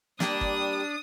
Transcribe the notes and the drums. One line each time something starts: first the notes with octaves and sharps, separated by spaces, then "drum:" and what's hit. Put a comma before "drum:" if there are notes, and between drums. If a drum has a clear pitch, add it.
G3 A#3 D4 G4 D#6, drum: snare
drum: kick